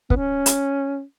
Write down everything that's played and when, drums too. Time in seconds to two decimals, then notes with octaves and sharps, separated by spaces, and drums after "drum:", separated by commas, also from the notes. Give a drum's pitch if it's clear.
0.10 B3, drum: kick
0.16 C#4
0.46 drum: hi-hat